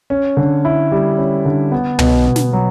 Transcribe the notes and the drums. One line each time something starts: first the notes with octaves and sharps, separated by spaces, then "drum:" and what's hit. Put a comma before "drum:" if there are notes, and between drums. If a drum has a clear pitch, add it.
C#4
D3
E4
G3
C#4
D3
B3
B2, drum: tom
B2
drum: snare
F#3